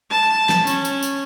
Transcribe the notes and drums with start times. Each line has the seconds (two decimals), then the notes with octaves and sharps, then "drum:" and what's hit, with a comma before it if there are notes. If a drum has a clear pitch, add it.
0.11 A5
0.49 drum: snare
0.67 C#4, drum: tambourine
0.85 drum: tambourine
1.03 drum: tambourine